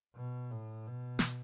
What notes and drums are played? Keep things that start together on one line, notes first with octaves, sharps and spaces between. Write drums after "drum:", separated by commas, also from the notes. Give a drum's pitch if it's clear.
B2
A2
B2
drum: snare